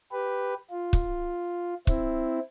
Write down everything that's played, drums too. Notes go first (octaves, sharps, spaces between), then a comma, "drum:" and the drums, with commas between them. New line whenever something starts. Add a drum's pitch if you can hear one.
G4 B4
F4
drum: kick
C4 E4, drum: kick